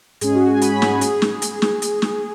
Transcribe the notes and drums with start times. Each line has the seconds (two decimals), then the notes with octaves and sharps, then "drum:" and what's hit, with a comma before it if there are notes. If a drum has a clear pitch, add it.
0.21 G#2 G#3 C#4 G#4, drum: hi-hat
0.35 F#4
0.49 G#5
0.62 B5, drum: hi-hat
0.72 B5
0.82 G#5, drum: snare
0.92 F#4
1.01 G#4, drum: hi-hat
1.22 drum: snare
1.42 drum: hi-hat
1.62 drum: snare
1.82 drum: hi-hat
2.02 drum: snare